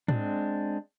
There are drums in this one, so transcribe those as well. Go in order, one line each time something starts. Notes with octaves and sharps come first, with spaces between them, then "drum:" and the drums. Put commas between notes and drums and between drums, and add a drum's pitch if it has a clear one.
G#3 C4 D4, drum: tom